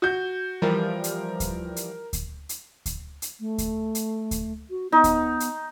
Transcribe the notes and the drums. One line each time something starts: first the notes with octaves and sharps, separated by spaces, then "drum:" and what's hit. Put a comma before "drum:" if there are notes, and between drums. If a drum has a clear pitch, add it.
F#4 G6
E3 F3 G3 A#4
drum: hi-hat
drum: kick D2, hi-hat
drum: hi-hat
drum: kick D2, hi-hat
drum: hi-hat
drum: kick D2, hi-hat
drum: hi-hat
A3
drum: kick D2, hi-hat
drum: hi-hat
drum: kick D2, hi-hat
F#4
B3 D#4
drum: kick D2, hi-hat
drum: hi-hat